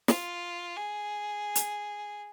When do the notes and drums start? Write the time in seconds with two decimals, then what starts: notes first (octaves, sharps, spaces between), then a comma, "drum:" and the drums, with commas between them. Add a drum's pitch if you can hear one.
0.08 F4, drum: snare
0.77 G#4
1.55 drum: hi-hat